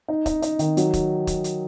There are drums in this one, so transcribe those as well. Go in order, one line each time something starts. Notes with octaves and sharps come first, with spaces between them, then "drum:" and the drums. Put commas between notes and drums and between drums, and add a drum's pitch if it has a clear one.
D#4
D#4, drum: kick, hi-hat
D#4, drum: hi-hat
D#3, drum: hi-hat
F#3, drum: hi-hat
drum: kick, hi-hat
drum: kick, hi-hat
drum: hi-hat